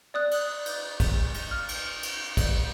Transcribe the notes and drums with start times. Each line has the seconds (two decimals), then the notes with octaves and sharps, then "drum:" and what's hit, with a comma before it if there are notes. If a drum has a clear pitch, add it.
0.14 D5 D#6 F#6
0.31 drum: cymbal
0.66 drum: cymbal
1.00 drum: kick, cymbal
1.34 drum: cymbal
1.51 F6
1.69 drum: cymbal
2.03 drum: cymbal
2.37 drum: kick, cymbal